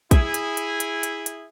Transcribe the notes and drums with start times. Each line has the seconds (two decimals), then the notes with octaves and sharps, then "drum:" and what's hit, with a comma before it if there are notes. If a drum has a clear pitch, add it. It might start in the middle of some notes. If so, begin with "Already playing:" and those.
0.11 E4 G#4, drum: kick A#1, hi-hat
0.34 drum: hi-hat
0.57 drum: hi-hat
0.80 drum: hi-hat
1.03 drum: hi-hat
1.26 drum: hi-hat